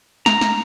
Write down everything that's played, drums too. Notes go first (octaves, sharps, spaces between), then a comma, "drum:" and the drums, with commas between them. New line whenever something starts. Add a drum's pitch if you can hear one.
A#5, drum: snare
drum: snare